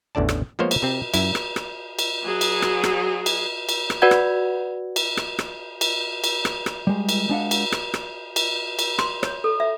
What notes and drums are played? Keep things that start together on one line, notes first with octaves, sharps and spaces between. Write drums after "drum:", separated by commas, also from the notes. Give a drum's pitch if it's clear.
A1 E2 D3 D5 A5
drum: rim click
F3 G#3 A#3 B3 C5 C#5
drum: cymbal
C3 C4
F#2 E4, drum: cymbal
drum: rim click
drum: rim click
drum: cymbal
F#3 G#4
drum: cymbal
drum: rim click
drum: rim click
drum: cymbal
drum: cymbal
drum: rim click
F#4 B4 D5 F#5 G#6
drum: rim click
drum: cymbal
drum: rim click
drum: rim click
drum: cymbal
drum: cymbal
drum: rim click
drum: rim click
G3 G#3
drum: cymbal
G#3 D4 F5 F#5
drum: cymbal
drum: rim click
drum: rim click
drum: cymbal
drum: cymbal
C6, drum: rim click
C#5, drum: rim click
A4
E5